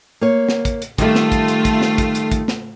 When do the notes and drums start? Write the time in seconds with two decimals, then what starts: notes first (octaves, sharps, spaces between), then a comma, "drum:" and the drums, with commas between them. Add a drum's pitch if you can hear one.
0.21 A#3 C#5
0.49 drum: snare
0.65 drum: kick, hi-hat
0.82 drum: hi-hat
0.98 D#3 G3 A3 F4 E5, drum: kick, hi-hat
1.15 drum: snare
1.32 drum: kick, hi-hat
1.48 drum: hi-hat
1.65 drum: kick, hi-hat
1.82 drum: snare
1.98 drum: kick, hi-hat
2.15 drum: hi-hat
2.32 drum: kick, hi-hat
2.48 drum: snare